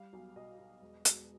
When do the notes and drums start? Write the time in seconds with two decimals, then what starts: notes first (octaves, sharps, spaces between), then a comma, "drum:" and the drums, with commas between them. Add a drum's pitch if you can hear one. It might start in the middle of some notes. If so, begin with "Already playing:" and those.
Already playing: G3 F5
0.13 B1
0.36 B2 D#5
0.59 B2
0.82 E1
1.05 E1, drum: hi-hat